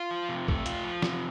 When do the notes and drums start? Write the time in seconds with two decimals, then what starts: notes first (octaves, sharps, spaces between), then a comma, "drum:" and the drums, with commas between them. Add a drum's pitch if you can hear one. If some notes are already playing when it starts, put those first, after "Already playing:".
Already playing: F4
0.11 F3
0.29 C3
0.48 A3, drum: kick
0.66 F4, drum: hi-hat
0.84 F3
1.02 C3, drum: snare